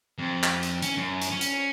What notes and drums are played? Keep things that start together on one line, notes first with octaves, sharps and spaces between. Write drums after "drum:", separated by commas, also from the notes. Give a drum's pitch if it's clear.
F2
drum: clap
drum: hi-hat
C#4, drum: hi-hat
F#2
drum: hi-hat
C#4
drum: hi-hat